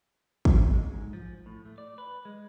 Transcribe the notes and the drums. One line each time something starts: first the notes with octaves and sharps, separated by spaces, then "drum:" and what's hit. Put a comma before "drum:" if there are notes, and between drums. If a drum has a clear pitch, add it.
drum: kick
G#3
G#2
F3
A2
A3
D5
B4
G#3